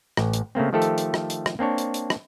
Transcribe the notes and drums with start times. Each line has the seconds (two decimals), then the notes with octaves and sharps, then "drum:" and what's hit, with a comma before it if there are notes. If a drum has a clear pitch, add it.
0.17 A1, drum: rim click
0.33 drum: hi-hat
0.55 C#3 A3 A#3 C4
0.73 D#3 F3 A3 G4 A4
0.82 drum: hi-hat
0.98 drum: hi-hat
1.14 drum: rim click
1.30 drum: hi-hat
1.46 drum: rim click
1.59 A#3 C4 D4 C#5
1.78 drum: hi-hat
1.94 drum: hi-hat
2.10 drum: rim click